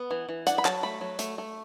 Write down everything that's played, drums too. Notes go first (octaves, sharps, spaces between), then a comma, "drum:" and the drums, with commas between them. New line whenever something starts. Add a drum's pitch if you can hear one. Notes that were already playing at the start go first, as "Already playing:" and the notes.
Already playing: B3
E3
E3
D4 F#5, drum: hi-hat
B5
F#3 A5, drum: clap
A3 B5
F#3
A3, drum: hi-hat
A3